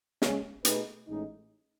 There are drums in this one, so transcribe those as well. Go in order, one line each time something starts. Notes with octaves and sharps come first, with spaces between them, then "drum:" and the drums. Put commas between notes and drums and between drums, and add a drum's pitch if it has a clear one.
C#3 G#3 C#4, drum: snare
B2 A3 D#4 G#4 B4, drum: hi-hat
A1 A2 G#3 D#4